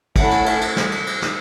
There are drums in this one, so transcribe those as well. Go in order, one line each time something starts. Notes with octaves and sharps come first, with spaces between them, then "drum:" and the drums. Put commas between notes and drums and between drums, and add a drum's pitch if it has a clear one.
A3 C#4 E4 A4 F#5, drum: kick, cymbal
drum: cymbal
drum: cymbal
drum: cymbal
drum: snare
drum: cymbal
drum: cymbal
drum: snare